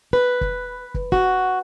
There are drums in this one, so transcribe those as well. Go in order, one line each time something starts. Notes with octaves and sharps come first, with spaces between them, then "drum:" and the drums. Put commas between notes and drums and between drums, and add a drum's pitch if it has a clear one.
B4
drum: kick
drum: kick
F#4, drum: kick